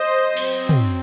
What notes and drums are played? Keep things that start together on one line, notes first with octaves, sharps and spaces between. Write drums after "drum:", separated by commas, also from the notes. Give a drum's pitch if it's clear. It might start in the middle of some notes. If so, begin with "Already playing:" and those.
Already playing: C5 D#5
F#3 C4, drum: cymbal
drum: tom